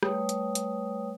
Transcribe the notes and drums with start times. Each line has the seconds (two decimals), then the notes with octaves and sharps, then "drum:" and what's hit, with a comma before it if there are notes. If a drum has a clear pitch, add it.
0.03 G3 A3 B4 C#5 G5 D#6, drum: rim click
0.29 drum: hi-hat
0.55 drum: hi-hat